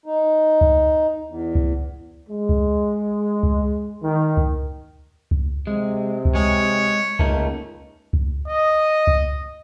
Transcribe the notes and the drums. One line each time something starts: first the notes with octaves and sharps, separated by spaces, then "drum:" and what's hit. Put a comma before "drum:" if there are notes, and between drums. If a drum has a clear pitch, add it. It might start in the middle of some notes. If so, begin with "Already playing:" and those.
D#4
drum: kick C#2
E2
drum: kick C#2
G#3
drum: kick C#2
drum: kick C#2
D#3
drum: kick C#2
drum: kick C#2
C3 G#3
drum: kick C#2
G#3 G#4 C#5
C#2 A3 A#3 D#4, drum: kick C#2
drum: kick C#2
D#5
drum: kick C#2